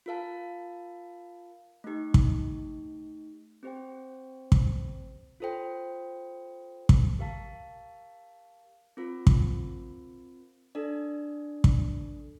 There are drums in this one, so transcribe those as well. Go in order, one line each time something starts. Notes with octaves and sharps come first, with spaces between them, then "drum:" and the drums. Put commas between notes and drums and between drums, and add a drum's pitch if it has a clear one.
F4 A#4 F5 A5
A3 D#4 G4
drum: kick
C4 G4 C5 G5
drum: kick
F4 A4 C5 G5
drum: kick
G4 A#4 F5 A5
C4 F4 A#4
drum: kick
D4 A4 D5
drum: kick